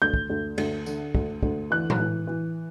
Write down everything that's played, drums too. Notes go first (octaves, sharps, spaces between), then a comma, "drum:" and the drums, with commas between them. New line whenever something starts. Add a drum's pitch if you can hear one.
D2 G6
drum: kick
D2
D2, drum: cymbal
D3, drum: tambourine
D2, drum: kick
D2, drum: kick
E3 F#6
drum: tom A2
E3
E3